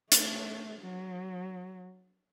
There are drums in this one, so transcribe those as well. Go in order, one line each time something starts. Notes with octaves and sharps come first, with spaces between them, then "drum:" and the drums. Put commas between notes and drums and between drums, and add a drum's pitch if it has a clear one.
A3, drum: hi-hat
F#3